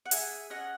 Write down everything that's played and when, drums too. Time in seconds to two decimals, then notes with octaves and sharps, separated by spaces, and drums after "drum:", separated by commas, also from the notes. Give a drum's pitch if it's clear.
0.06 F#5
0.11 G#4 E5 G#5, drum: hi-hat
0.50 C#4 D#5 F#5